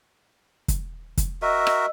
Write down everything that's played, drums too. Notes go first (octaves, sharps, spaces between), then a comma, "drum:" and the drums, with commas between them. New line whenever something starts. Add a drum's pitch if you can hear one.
drum: kick, hi-hat
drum: kick, hi-hat
F#4 A#4 D#5 E5 E6
drum: rim click